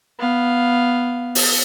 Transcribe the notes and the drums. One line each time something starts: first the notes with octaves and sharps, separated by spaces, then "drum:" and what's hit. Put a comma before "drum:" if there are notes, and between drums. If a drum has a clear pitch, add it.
B3 F5
drum: open hi-hat